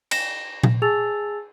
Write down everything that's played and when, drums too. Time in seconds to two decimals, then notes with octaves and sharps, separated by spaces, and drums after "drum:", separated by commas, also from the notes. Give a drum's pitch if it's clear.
0.11 A#6 E7, drum: cymbal
0.63 drum: tom A#2
0.82 G#4 G#5 A5 E6 A6 F7